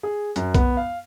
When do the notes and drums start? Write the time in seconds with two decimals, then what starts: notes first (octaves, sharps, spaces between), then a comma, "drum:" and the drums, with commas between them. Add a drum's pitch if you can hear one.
0.03 G#4
0.36 F#2, drum: hi-hat
0.55 B3, drum: kick B1, hi-hat
0.77 F5